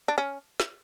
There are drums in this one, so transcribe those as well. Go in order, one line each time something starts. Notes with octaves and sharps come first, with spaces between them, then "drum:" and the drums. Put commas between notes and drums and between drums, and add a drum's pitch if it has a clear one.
D4
C#4
drum: snare